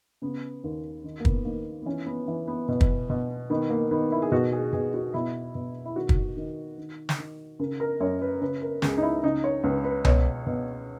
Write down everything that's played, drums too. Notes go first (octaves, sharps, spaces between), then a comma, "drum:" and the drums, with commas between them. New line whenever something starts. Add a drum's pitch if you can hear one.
C#3 B3
D#2
D#3
A#3
B3, drum: kick
D#3 A#3
B3
E3 C#4
B3
E3
B3
B2 B3
drum: kick
B2
D#3 B3
A#3
D#3 B3
E4
G#4
B2 F#4
G#4
B2 G#4
F#4
B2 E4
B2
E4
D#3 F#4
drum: kick
D#3
D#3
drum: snare
D#3
C#3 A#4
A#4
F#2 C#5
B4
C#3 B4
A#4
C#2 G#4, drum: snare
D#4
E4
C#3 D#4
C#5
C#2 B4
B4
B2 C#5, drum: tom C2
B2